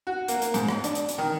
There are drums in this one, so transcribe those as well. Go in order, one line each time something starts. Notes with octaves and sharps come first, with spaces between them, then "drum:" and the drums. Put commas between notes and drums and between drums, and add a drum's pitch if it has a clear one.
F#4
A#3, drum: hi-hat
drum: hi-hat
G#2, drum: hi-hat
drum: rim click
D4, drum: hi-hat
drum: hi-hat
drum: hi-hat
D#3